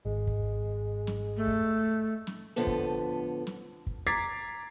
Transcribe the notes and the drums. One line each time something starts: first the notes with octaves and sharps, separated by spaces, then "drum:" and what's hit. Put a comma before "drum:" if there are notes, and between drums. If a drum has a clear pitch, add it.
G#1 G#3
drum: kick
drum: snare
A3
drum: kick
drum: snare
A2 D3 F3 B3 A4
drum: kick
drum: snare
drum: kick
A#5 D6 G#6 A6 B6 C7